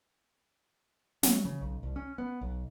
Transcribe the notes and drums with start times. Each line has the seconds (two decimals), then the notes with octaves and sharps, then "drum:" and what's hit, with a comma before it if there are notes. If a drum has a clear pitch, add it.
1.23 F#3, drum: snare
1.45 C#3
1.61 B1
1.83 C2
1.96 C#4
2.18 B3
2.41 B1